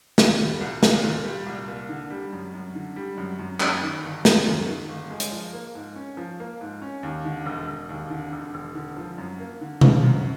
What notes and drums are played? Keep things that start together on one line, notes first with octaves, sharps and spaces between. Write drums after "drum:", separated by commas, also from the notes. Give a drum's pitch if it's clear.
A#2, drum: snare
G3
C2
A#3, drum: snare
A#2
G3
C2
A#3
D3
G3
F#2
F#2
D3
G3
F#2
F#2
F#2, drum: clap
D#3
G1
G#3, drum: snare
F#2
D#3
G1
G#3
drum: hi-hat
F3
A#3
G#2
C#4
F3
A#3
G#2
C#4
D#2
D3
E1
E1
D#2
D3
E1
E1
D3
F3
F#2
A#3
D3
F3, drum: tom B2
F#2